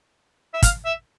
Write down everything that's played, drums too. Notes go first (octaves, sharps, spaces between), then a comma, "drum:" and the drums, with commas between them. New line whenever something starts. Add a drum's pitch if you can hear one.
E5
F5, drum: kick, hi-hat
E5